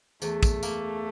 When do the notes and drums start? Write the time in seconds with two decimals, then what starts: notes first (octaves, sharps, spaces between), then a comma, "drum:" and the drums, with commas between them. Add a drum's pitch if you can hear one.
0.22 E2 A3, drum: tambourine
0.43 drum: kick, tambourine
0.63 A#3, drum: tambourine